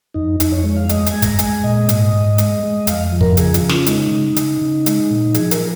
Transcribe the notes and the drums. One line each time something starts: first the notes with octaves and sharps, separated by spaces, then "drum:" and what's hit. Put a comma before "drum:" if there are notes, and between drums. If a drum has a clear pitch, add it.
F2 D#4
F2 D#4, drum: hi-hat
C#5
G#3
F5
G#3 D#5, drum: hi-hat
G#5, drum: hi-hat
G#3
A#5, drum: kick, hi-hat
G#3 G#5, drum: hi-hat
A#2 D#5
G#2, drum: hi-hat
G#2
G#3, drum: hi-hat
G#3
F2 F5, drum: hi-hat
F3
A#4, drum: kick
C#3 G#4, drum: hi-hat
F4, drum: hi-hat
C#3
C#4, drum: snare
G#3 D#4, drum: hi-hat
C#3
C#3, drum: hi-hat
C#3
G#3, drum: hi-hat
A#2
F3 G#4, drum: hi-hat
A#4, drum: hi-hat
F3